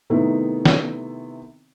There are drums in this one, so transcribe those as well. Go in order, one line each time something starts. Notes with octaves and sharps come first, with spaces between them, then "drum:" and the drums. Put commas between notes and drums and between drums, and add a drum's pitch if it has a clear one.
C3 D#3 A3 B3 D#4 E4
drum: snare